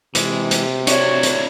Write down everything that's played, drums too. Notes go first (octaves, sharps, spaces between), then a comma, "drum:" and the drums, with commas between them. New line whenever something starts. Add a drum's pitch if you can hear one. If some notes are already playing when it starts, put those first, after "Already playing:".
C3 E3 G#3, drum: hi-hat
drum: hi-hat
D4 E4 F#4 C#5, drum: hi-hat
drum: hi-hat